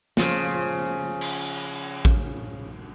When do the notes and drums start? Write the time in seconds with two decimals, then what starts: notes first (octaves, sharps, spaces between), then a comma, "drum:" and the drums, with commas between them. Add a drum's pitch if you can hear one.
0.17 C#3 F3, drum: snare
1.21 drum: cymbal
2.05 drum: kick A1